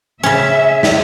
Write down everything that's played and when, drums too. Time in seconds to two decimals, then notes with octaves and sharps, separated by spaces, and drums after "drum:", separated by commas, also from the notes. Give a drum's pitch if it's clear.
0.23 C#3 C#4 E5
0.83 drum: snare